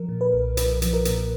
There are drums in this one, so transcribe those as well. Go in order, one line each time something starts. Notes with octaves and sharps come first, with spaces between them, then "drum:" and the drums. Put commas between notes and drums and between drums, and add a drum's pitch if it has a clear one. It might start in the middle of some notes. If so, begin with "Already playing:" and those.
Already playing: F3 A#4
A#2
B4
B1
B1 B4, drum: hi-hat
F3, drum: hi-hat
A#4
A#2, drum: hi-hat